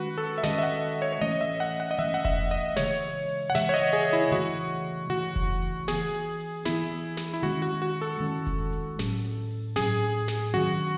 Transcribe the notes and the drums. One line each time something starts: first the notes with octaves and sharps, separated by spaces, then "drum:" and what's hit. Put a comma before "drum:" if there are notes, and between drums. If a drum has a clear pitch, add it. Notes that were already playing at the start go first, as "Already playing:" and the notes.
Already playing: D#3 G#3 C#4 F#4 B4
A4
E5
D#3 G#3 C#4 D#5, drum: snare
E5
F#5
C#5
C#5
E3 A3 C#4 D#5
E5
F#5
F#5
D#5
E3 A3 C#4 E5, drum: hi-hat
F#5
E5, drum: kick F1, hi-hat
D#5, drum: hi-hat
C#3 E3 G#3 C#5, drum: snare
drum: hi-hat
drum: open hi-hat
F#5
C#3 E3 G#3 E5, drum: snare
C#5
D#5
G#4
E4
C#3 E3 A3 F#4, drum: hi-hat
drum: hi-hat
C#3 E3 A3 F#4, drum: hi-hat
drum: kick F1, hi-hat
drum: hi-hat
E3 B3 G#4, drum: snare
drum: hi-hat
drum: open hi-hat
E3 B3 E4, drum: snare
drum: snare
E4
D#3 G#3 C#4 F#4, drum: hi-hat
F#4
F#4
A4
D#3 G#3 C#4, drum: hi-hat
drum: kick F1, hi-hat
drum: hi-hat
A2 F#3 C#4, drum: snare
drum: hi-hat
drum: open hi-hat
A2 F#3 C#4 G#4, drum: snare
drum: hi-hat
drum: snare
D#3 F#3 C#4 F#4, drum: hi-hat
drum: hi-hat